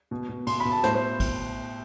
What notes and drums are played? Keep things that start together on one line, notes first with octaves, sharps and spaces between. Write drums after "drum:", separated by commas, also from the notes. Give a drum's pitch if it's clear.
B2
B2
B2 C6, drum: cymbal
B5
B2
A5
A2 C5, drum: snare
C5
drum: kick, cymbal